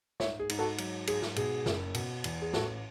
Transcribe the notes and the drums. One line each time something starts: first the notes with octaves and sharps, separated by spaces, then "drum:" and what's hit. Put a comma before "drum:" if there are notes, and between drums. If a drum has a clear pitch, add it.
G#2 C#5 E5, drum: snare
G#4
G#2, drum: cymbal
F#4 A4
F#3, drum: cymbal
G#2 G#4, drum: cymbal
drum: snare
B2 G#4, drum: cymbal
F#1, drum: snare
B2, drum: cymbal
E2, drum: cymbal
G#4
A1 F#4 A4, drum: snare